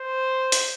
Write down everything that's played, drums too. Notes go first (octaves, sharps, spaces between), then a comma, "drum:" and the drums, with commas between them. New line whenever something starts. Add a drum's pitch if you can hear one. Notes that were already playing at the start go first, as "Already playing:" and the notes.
Already playing: C5
drum: hi-hat